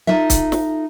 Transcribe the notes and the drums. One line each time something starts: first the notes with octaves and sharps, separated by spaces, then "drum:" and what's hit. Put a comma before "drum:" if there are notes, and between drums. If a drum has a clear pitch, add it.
D#4 F4 A4 E5
drum: kick C#1, hi-hat
drum: snare